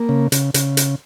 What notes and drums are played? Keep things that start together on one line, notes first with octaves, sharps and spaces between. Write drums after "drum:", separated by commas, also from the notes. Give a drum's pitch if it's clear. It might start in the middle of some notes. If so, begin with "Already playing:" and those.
Already playing: A#3
C#3
C#3, drum: hi-hat
C#3, drum: hi-hat
drum: hi-hat